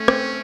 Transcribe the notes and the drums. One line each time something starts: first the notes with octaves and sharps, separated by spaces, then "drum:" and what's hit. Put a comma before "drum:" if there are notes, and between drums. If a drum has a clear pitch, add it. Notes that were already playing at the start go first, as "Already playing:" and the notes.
Already playing: A3 C#4
C4, drum: rim click